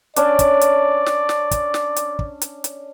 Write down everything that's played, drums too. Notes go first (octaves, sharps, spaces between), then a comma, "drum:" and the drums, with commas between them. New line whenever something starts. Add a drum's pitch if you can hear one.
C#4 D4 D5, drum: hi-hat
drum: kick, hi-hat
drum: hi-hat
drum: snare
drum: snare
drum: kick, hi-hat
drum: snare
drum: hi-hat
drum: kick
drum: hi-hat
drum: hi-hat